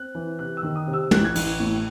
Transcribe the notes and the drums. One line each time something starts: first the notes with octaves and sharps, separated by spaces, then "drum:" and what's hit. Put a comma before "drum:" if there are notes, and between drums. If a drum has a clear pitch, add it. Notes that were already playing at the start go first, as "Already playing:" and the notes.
Already playing: C4 F#6
E3
C3 F#6
E6
D#3
D#6
C3
E6
A1 F#6, drum: tom
G#6
A1 F#6, drum: cymbal
A2